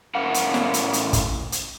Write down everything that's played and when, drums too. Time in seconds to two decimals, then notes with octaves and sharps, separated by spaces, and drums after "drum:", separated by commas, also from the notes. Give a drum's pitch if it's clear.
0.15 A2 C#4 A#4 F5 F#5
0.34 drum: hi-hat
0.54 drum: snare
0.74 drum: hi-hat
0.93 drum: hi-hat
1.13 drum: kick, hi-hat
1.52 drum: hi-hat